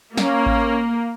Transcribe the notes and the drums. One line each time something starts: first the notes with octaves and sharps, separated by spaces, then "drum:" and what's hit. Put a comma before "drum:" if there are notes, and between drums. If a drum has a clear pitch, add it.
A#3 C#4, drum: snare
drum: kick A1